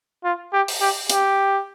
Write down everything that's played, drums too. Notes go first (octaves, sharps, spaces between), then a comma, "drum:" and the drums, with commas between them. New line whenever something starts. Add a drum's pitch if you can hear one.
F4
G4
drum: open hi-hat
G4
G4, drum: hi-hat